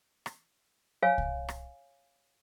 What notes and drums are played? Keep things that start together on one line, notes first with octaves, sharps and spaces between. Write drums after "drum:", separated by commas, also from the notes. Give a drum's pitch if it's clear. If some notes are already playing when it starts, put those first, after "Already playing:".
drum: rim click
C#5 F5 G#5
drum: kick C2
drum: rim click